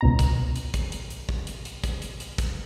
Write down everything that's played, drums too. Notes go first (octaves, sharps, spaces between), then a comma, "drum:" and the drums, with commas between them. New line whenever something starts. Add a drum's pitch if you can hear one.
C#2 B2 A#5
drum: kick, hi-hat
drum: hi-hat
drum: kick, hi-hat
drum: hi-hat
drum: hi-hat
drum: kick
drum: hi-hat
drum: hi-hat
drum: kick, hi-hat
drum: hi-hat
drum: hi-hat
drum: kick, hi-hat